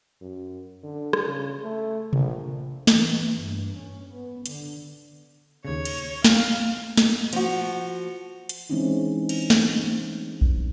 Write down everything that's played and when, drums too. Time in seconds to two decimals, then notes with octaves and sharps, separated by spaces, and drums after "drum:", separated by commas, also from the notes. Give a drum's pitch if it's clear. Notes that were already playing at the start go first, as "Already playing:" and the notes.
0.21 F#2
0.83 D3
1.13 drum: rim click
1.24 C#3
1.63 A3
2.13 A#1, drum: tom C3
2.87 E3, drum: snare
3.38 G2
3.78 C#4
4.10 B3
4.46 D3, drum: hi-hat
5.65 D#2 C#3 C#5
5.85 drum: cymbal
6.25 F5, drum: snare
6.97 drum: snare
7.33 F3 F#4, drum: cymbal
8.49 drum: hi-hat
8.70 E3 G#3 C4 C#4 D#4 E4
9.29 drum: cymbal
9.50 drum: snare
10.41 drum: kick A#1